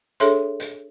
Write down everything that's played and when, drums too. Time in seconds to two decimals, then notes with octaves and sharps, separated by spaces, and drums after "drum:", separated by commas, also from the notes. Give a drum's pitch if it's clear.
0.20 D4 G#4 A4 C#5 E5 C6, drum: hi-hat
0.60 drum: hi-hat